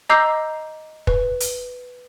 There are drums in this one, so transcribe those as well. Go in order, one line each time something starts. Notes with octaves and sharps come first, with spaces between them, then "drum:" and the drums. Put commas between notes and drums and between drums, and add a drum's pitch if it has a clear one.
D#5 A#5 D6 E6 G6 C7
B4, drum: kick
drum: hi-hat